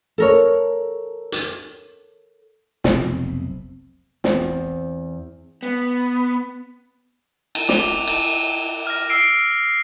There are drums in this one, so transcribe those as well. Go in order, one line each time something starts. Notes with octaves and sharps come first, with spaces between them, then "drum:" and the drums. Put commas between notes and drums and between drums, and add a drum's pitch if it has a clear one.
A4 A#4 C#5
drum: hi-hat
F1 B1 C4, drum: snare
E2 C4, drum: snare
B3
drum: cymbal
D6 G7, drum: snare
drum: cymbal
F6 A#6
E6 C7 D7